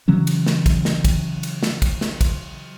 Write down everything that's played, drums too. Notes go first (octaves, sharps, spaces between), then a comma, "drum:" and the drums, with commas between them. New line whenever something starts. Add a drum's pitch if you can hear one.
C#3 E3 F#3 C#4
drum: cymbal
drum: snare
drum: kick, cymbal
drum: snare
drum: kick, cymbal
drum: cymbal
drum: snare
drum: kick, cymbal
drum: snare
drum: kick, cymbal